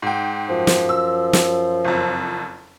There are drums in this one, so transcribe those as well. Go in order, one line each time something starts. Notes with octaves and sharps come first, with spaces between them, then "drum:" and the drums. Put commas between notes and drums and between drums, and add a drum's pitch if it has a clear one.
G#2 G5
F#2 F3
drum: snare
E6
drum: snare
F#1 F2